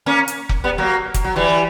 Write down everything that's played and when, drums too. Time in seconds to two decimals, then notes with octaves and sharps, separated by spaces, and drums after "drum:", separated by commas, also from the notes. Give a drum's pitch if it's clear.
0.06 A#3 C#4
0.28 drum: hi-hat
0.49 drum: kick F1
0.64 G3 B3
0.78 F#3 A#3
1.14 drum: kick F1, hi-hat
1.24 F#3
1.36 E3 G3